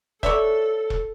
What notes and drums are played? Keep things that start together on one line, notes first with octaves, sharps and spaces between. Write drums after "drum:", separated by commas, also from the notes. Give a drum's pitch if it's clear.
A4 C#5 D5 E5, drum: kick E1
drum: kick E1